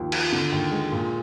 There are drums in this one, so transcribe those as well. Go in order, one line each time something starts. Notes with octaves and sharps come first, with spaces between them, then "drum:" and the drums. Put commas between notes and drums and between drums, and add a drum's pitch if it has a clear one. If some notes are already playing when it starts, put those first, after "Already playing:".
Already playing: D#2 F3
F3, drum: cymbal
D3
D#2
G#3
A#2